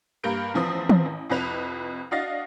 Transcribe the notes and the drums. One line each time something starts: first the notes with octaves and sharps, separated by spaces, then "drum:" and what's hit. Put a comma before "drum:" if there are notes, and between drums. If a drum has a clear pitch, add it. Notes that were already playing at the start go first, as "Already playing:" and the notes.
G2 G3 A#3 G6 D7
A1 E2 F3 B3 C4 D#6
drum: tom
A1
C2 F2 B4 F7
D4 F#4 D#5 F5 A6 A#6